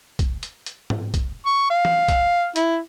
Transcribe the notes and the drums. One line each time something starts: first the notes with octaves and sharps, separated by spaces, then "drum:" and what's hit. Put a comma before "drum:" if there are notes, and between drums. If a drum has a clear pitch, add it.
drum: kick B1, hi-hat
drum: hi-hat
drum: hi-hat
drum: tom G#2
drum: kick B1, hi-hat
C#6
F5
drum: tom
drum: kick B1, hi-hat
E4, drum: hi-hat